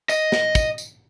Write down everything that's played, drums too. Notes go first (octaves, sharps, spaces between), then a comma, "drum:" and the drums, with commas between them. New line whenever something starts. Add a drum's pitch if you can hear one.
D#5, drum: tambourine
drum: snare
drum: kick, tambourine
drum: tambourine